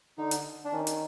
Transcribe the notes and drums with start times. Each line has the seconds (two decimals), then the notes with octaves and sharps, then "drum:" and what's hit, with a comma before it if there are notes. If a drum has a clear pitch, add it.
0.18 D3 D#4
0.31 drum: hi-hat
0.65 D4
0.72 D#3 C#4
0.87 drum: hi-hat